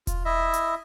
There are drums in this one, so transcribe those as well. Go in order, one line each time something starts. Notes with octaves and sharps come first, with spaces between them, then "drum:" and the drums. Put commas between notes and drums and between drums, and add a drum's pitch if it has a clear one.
F4, drum: kick E1, hi-hat
E4 D#5 E5
drum: hi-hat